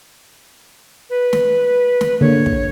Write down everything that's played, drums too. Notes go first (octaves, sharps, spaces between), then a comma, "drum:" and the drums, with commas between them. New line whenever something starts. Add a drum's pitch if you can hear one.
B4
drum: snare
drum: snare
D3 A#3 C#5
drum: kick